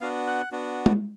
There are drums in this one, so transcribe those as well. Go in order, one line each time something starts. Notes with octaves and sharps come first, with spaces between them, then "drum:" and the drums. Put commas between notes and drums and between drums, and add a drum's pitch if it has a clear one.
B3 D4 F#4 F5
F#5
B3 D4 F#4
drum: tom G#3